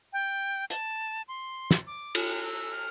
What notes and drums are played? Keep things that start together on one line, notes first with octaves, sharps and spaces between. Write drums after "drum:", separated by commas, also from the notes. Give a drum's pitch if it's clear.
G5
A5, drum: hi-hat
C6
drum: snare
D6
F6, drum: cymbal
E6
F6